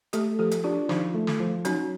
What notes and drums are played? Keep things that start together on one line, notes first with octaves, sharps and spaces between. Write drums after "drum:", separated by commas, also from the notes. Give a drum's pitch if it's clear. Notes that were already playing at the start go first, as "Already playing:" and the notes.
A3 G4 A4, drum: hi-hat
F3 G4 A4
drum: hi-hat
D4 F4 G4
F3 D#4 F4, drum: snare
A3
drum: snare
F3
F#3 C#4 D#4, drum: hi-hat